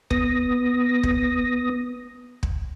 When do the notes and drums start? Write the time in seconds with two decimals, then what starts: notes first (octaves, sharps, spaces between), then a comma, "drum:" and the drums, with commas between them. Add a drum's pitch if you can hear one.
0.10 B3 D#6 A#6, drum: kick
1.03 drum: kick
2.43 drum: kick